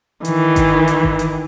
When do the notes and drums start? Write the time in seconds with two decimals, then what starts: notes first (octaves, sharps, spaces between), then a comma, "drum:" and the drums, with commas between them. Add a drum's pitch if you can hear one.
0.25 D#3 E3, drum: hi-hat
0.56 drum: kick G#1, hi-hat
0.88 drum: hi-hat
1.03 drum: kick G#1
1.19 drum: hi-hat